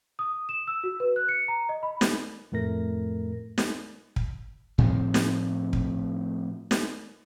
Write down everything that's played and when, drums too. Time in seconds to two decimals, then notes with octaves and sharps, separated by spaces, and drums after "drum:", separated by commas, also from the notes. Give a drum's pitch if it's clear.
0.19 D#6
0.49 E7
0.67 E6
0.84 F#4
1.00 B4
1.16 F#6
1.29 C#7
1.48 A#5
1.69 D#5
1.83 B5
2.01 drum: snare
2.52 F2 A2 A3 A#4 A#6
3.58 drum: snare
4.16 drum: kick
4.78 A2 F3 C4
5.14 drum: snare
5.73 drum: kick
6.71 drum: snare